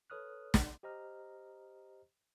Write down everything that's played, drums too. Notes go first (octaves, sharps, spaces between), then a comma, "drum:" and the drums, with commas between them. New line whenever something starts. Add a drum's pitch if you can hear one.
A4 B4 C#5 D#6 F6 F#6
drum: snare
G4 C5 D#5 A#5 F6